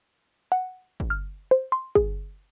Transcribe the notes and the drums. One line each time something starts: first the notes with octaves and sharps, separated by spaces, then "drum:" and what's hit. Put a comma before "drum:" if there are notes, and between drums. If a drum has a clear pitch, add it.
F#5
drum: kick
F6
C5
C6
G#4, drum: kick